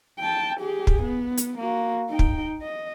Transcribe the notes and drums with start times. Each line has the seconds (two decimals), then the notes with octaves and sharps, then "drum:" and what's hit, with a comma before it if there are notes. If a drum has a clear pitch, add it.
0.19 G5 A5
0.60 G4 G#4
0.87 drum: kick
1.02 B3
1.37 drum: hi-hat
1.58 A#3 F#4
2.10 D#4 G5
2.19 drum: kick
2.62 D#5